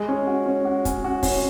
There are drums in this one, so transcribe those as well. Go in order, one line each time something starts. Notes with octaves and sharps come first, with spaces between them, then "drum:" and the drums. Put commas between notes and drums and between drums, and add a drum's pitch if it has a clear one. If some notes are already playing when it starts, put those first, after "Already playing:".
Already playing: G#3
C#4
F#4
C#4
F#4
C#4, drum: kick, hi-hat
F#4
C#4, drum: kick, open hi-hat